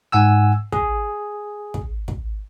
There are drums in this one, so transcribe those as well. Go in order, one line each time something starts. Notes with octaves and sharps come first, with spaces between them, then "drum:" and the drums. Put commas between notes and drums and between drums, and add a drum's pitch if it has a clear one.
G#2 F#5 G#5 E6
G#4, drum: kick
drum: kick
drum: kick